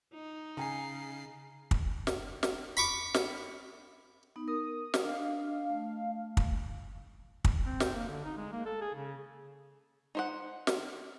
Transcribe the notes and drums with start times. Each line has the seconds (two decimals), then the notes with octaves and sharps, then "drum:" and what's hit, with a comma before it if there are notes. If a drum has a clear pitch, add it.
0.14 D#4
0.57 C#3 G#5 A#5 C7
1.71 drum: kick
2.07 drum: snare
2.43 drum: snare
2.77 B5 C#6 D6
3.14 drum: snare
4.36 B3 D#4
4.48 A#4 D#6
4.94 drum: snare
5.04 D4 D#5 F5
5.70 A3
6.37 drum: kick
7.45 drum: kick
7.66 C4
7.80 drum: snare
7.95 A#3
8.08 D3
8.25 D#4
8.37 G#3
8.52 A#3
8.66 A4
8.82 G#4
8.94 C#3
10.15 D#4 C5 F#5
10.67 drum: snare